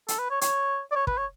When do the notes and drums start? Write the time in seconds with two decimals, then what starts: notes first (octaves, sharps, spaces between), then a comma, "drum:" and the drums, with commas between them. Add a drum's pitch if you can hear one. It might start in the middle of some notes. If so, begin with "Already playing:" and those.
0.08 A4, drum: hi-hat
0.19 B4
0.31 C#5
0.41 C#5, drum: hi-hat
0.92 D5
0.96 C#5
1.07 B4, drum: kick
1.18 C#5